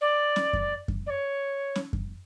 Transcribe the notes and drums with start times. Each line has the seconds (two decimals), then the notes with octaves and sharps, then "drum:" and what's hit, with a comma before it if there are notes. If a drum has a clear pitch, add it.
0.01 D5
0.36 drum: snare C#4
0.53 drum: kick F#2
0.88 drum: kick F#2
1.06 D5
1.10 C#5
1.76 drum: snare C#4
1.93 drum: kick F#2